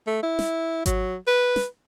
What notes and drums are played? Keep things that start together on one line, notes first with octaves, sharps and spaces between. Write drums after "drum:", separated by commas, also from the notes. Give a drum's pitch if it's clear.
A3
E4
drum: snare
F#3, drum: kick G#1, hi-hat
B4
drum: snare